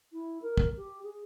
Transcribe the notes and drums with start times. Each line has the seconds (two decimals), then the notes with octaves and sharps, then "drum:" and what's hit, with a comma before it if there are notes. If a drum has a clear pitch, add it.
0.12 E4
0.42 A#4
0.57 drum: kick
0.77 G4
1.03 G#4